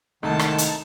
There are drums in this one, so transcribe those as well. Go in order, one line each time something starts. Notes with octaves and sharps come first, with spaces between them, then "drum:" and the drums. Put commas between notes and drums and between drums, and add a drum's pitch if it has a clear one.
C2 G#2 D#3 A3 D#4 A5
drum: rim click
drum: hi-hat